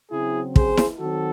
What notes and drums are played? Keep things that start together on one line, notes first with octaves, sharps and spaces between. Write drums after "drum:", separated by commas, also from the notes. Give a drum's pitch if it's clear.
C#3 F#3 C4 E4 G#4
G#4 C5, drum: kick
drum: snare E4
D#3 F#3 C4 F#4 A4